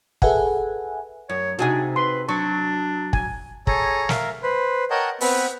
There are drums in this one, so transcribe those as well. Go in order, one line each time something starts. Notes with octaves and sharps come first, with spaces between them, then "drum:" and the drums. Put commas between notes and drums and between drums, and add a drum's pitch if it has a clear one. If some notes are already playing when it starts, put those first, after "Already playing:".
G#4 A4 B4 E5 F#5 G#5, drum: kick
F#2 C#5
C3 D4 D#4 F#4 G#4 G#5
B4 C6
F#3 D4 C#6
G#5, drum: kick
G#4 A4 C#5 A#5, drum: kick
A#4 E5 F5, drum: snare
B4 C5
A#4 C#5 D#5 F#5 G5 A5
B3 C4 B4, drum: open hi-hat